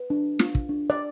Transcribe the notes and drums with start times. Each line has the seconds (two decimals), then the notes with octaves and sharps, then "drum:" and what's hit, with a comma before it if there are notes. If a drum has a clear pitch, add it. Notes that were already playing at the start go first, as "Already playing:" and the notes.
Already playing: B4
0.10 D4
0.39 F4, drum: snare
0.55 drum: kick
0.69 D4
0.90 D5